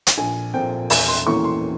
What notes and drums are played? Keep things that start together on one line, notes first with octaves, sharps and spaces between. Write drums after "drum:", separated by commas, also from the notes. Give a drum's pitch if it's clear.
drum: hi-hat
A#1 G#5
A#2 F3 C4 G5
E1 G#5, drum: open hi-hat
C6
E2 E3 A#3 C#4 C#6
C6